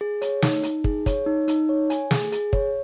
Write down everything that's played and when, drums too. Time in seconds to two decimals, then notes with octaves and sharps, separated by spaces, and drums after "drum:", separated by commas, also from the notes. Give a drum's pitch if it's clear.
0.01 G#4
0.22 C#5, drum: hi-hat
0.42 D#4, drum: snare
0.63 D#4, drum: hi-hat
0.84 G#4, drum: kick
1.06 C#5, drum: kick, hi-hat
1.26 D#4
1.48 D#4, drum: hi-hat
1.69 C#5
1.90 G#5, drum: hi-hat
2.11 G#4, drum: snare
2.32 G#4, drum: hi-hat
2.53 C#5, drum: kick